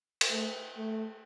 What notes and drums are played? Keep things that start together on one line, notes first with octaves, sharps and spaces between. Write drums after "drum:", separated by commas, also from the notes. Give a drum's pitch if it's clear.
drum: cymbal
A3
A3